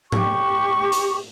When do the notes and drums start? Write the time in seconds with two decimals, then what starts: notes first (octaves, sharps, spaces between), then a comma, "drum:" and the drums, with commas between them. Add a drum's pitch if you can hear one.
0.12 G4 C#6, drum: tom G#2
0.92 drum: hi-hat